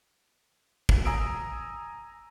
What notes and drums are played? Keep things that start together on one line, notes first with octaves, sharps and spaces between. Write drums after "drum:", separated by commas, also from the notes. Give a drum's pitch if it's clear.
drum: kick
G#5 A#5 D#6 E6 D7